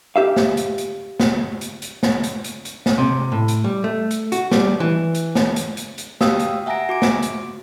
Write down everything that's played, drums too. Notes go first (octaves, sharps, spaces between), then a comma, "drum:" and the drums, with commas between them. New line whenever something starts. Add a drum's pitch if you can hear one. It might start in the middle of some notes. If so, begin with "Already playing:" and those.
G4 E5 F5
drum: snare
drum: hi-hat
drum: hi-hat
drum: snare
drum: hi-hat
drum: hi-hat
drum: snare
drum: hi-hat
drum: hi-hat
drum: hi-hat
drum: snare
C3
A2
drum: hi-hat
G3
A3
drum: hi-hat
F#4, drum: hi-hat
G3, drum: snare
E3
drum: hi-hat
drum: snare
drum: hi-hat
drum: hi-hat
drum: hi-hat
F#4 G4 F5 G5 D#6 E6, drum: snare
drum: hi-hat
E5 F#5 G#5 A#5 A#6 D7
F#4 D6 D7
drum: snare
drum: hi-hat